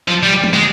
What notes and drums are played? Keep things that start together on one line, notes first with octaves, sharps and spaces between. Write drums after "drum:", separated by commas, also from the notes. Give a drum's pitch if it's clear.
F3
G3
drum: tom
G#3